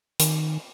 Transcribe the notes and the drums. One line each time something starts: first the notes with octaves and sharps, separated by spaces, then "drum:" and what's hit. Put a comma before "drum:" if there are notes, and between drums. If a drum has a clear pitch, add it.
D#3, drum: hi-hat